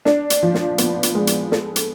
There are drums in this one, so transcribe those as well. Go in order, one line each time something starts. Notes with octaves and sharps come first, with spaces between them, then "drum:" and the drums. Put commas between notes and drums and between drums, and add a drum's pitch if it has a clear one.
D4, drum: snare
drum: hi-hat
F3
drum: snare
B3, drum: hi-hat
drum: hi-hat
G#3
drum: hi-hat
A4, drum: snare
drum: hi-hat